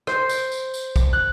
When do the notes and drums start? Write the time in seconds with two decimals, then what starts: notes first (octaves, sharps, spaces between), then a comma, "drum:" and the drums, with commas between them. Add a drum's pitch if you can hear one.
0.07 C5, drum: rim click
0.29 drum: tambourine
0.51 drum: tambourine
0.74 drum: tambourine
0.96 drum: kick, tambourine
1.13 F#6